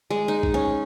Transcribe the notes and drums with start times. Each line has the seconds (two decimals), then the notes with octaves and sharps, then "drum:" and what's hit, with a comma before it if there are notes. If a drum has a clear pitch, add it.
0.10 G#3
0.28 D#4
0.43 drum: kick
0.54 C#4